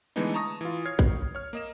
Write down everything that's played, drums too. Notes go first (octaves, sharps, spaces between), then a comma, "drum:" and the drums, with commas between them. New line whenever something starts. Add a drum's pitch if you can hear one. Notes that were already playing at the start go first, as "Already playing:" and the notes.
D3 E3 G#3 A3 B3 D#4
A5 A#5 C#6 D#6 A#6
E3 F4
C#5 F6 G#6 C7
drum: kick, hi-hat
C#5 F6
A#3 D#5 E7